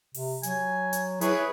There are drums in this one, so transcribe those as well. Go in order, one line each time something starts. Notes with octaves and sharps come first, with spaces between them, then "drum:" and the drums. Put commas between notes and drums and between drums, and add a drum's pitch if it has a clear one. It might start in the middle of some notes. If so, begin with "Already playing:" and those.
C3, drum: open hi-hat
F#3 G#5, drum: hi-hat
drum: hi-hat
E4 G#4 B4 C#5, drum: hi-hat